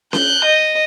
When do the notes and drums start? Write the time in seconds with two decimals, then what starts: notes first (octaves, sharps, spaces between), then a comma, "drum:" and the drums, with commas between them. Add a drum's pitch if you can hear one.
0.13 F#6 G6, drum: snare C#4
0.45 D#5